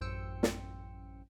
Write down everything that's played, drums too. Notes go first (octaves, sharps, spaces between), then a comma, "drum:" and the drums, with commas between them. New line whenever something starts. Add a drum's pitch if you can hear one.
A1 F#2 C5 G5 E6 C#7
drum: snare